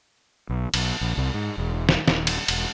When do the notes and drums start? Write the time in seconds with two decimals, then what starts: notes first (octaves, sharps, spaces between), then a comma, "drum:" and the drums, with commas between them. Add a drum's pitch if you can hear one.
0.49 B1
0.74 B1, drum: cymbal
1.01 A#1
1.17 C2
1.34 G#2
1.58 E1
1.89 drum: snare
2.08 D#1, drum: snare
2.27 drum: cymbal
2.48 E1, drum: cymbal